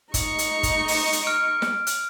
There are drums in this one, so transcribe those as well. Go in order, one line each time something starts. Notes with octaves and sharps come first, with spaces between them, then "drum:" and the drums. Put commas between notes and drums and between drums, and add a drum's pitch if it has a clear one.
D#4 C#6, drum: kick, hi-hat
drum: hi-hat
drum: kick, hi-hat
drum: open hi-hat
drum: hi-hat
F6 D7
drum: snare
drum: hi-hat